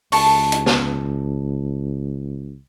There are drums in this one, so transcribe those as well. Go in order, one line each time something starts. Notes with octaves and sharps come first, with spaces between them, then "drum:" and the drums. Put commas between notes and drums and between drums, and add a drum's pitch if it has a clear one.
C#2 A5 C#6, drum: open hi-hat
drum: hi-hat
drum: snare